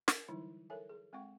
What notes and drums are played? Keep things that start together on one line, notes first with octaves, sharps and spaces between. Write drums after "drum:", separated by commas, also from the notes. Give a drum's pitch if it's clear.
A#4, drum: snare
D3 E3 F#3 G3 D#4 E4
A4 A#4 C#5 E5 G#5
G#4
G#3 C4 F#5 G5 C#6